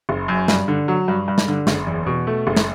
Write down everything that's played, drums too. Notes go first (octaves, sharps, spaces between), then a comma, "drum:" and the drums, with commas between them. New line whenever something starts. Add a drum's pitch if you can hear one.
F#1
F#2
G2, drum: snare
D3
F#3
G2
G2
drum: snare
D3
F#1, drum: snare
E2
B2
A3
F#1
drum: snare